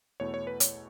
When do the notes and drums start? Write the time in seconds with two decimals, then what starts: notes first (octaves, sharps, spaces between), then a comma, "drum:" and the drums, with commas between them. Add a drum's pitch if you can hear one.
0.20 E2 B2 A3 E4 C#5
0.34 C#5
0.47 B4
0.60 C#5, drum: hi-hat